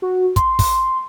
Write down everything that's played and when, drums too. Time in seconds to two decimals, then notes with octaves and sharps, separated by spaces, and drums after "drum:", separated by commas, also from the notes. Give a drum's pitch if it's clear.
0.02 F#4
0.36 C6, drum: kick, hi-hat
0.59 drum: kick, open hi-hat